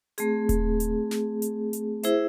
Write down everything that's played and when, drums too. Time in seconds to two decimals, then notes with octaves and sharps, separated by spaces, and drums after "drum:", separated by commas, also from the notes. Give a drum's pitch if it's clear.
0.18 A3 C4 G#4, drum: hi-hat
0.49 drum: kick D#1, hi-hat
0.80 drum: hi-hat
1.11 drum: snare
1.42 drum: hi-hat
1.73 drum: hi-hat
2.03 E4 G#4 C5 E5, drum: hi-hat